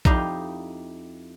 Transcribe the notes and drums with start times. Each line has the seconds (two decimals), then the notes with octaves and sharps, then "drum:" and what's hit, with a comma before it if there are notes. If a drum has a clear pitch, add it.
0.05 F2 D#4 E4 G4 D#5 F5, drum: kick A#1